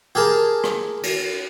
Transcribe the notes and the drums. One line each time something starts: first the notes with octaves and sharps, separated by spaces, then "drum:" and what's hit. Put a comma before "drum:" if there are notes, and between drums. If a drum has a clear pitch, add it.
G4 G#4 A#4 A5
drum: rim click
drum: cymbal